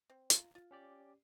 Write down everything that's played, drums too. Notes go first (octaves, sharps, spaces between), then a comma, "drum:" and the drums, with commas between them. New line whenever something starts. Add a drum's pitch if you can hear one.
C4
F4 A#5, drum: hi-hat
F4
C#4 G4 D5